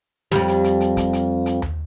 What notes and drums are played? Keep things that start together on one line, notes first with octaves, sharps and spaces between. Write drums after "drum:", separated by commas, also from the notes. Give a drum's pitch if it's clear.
F2 G3, drum: snare
drum: hi-hat
drum: hi-hat
drum: hi-hat
drum: kick, hi-hat
drum: hi-hat
drum: hi-hat
drum: tom D#2